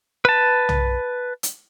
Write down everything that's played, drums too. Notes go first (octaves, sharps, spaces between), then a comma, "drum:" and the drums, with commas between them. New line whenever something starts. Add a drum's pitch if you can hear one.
B4 A5
drum: tom
drum: hi-hat